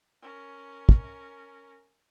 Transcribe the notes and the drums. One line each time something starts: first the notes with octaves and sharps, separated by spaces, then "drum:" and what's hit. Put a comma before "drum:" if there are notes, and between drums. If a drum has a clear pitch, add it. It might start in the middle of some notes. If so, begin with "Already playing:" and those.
C#4 A#4
drum: kick